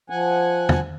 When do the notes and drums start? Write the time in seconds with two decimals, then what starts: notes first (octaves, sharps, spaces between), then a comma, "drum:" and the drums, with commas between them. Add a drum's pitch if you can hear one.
0.10 F3 F#5 G#5
0.69 drum: tom E2